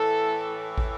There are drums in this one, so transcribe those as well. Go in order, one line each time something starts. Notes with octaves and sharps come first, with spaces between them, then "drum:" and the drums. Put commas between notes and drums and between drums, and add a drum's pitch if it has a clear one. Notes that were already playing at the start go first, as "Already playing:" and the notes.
Already playing: A2 E3 A4
drum: kick